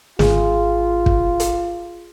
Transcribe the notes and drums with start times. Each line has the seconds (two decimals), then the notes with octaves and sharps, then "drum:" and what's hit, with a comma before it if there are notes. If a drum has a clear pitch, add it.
0.19 G#1 F4 G#4, drum: snare
1.06 drum: kick
1.40 drum: hi-hat